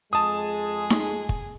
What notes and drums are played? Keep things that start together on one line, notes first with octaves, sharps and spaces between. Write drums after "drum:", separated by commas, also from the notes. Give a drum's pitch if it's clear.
F2 G#3 G#4 A5 D#6
drum: snare D#4
drum: kick